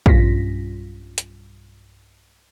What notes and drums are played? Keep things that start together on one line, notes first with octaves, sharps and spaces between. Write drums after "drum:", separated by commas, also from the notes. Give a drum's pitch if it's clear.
B1 G2 C#4 F4 A#6 B6, drum: kick A#1
drum: hi-hat